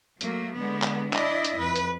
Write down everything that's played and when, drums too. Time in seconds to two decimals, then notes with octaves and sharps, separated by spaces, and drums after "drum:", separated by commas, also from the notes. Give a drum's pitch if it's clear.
0.21 F#3 A3 A#3, drum: hi-hat
0.56 D3 G#3 B3
0.82 drum: clap
1.13 D4 E4 D5 D#5, drum: clap
1.45 drum: hi-hat
1.59 F2 B4
1.76 drum: hi-hat